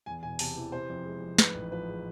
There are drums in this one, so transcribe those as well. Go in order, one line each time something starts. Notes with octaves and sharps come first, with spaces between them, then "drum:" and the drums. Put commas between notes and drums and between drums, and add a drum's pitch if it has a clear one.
E2 G#5
E1 G#5
C3 A5, drum: open hi-hat
E3
C3 C5
F2
G#3
F2
G#2 B4, drum: snare
A1
F3 B4
G#3